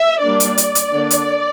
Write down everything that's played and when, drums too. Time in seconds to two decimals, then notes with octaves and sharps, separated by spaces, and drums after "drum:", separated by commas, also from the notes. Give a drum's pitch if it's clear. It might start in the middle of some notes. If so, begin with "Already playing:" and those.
Already playing: E5
0.22 G3 A#3 D4 D5
0.40 drum: hi-hat
0.58 drum: hi-hat
0.75 drum: hi-hat
0.93 D3 A#3 D4
1.10 drum: hi-hat